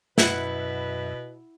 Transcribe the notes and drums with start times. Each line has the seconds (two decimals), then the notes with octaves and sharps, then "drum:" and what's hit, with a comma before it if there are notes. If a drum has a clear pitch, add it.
0.18 F#2 B2 E4 B4 E5 F#5, drum: snare